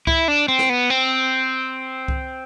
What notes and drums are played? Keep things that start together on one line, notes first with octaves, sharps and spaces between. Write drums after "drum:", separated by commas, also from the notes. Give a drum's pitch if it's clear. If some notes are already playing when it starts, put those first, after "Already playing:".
E4, drum: kick C2
D4
C4
drum: snare
B3
C4
drum: kick C2